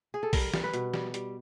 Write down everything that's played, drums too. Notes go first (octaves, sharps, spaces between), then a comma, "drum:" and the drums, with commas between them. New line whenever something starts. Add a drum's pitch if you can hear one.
G#4
A4
G3 A#4, drum: kick, open hi-hat
G3, drum: snare
B4
B2, drum: hi-hat
G3, drum: snare
G3, drum: hi-hat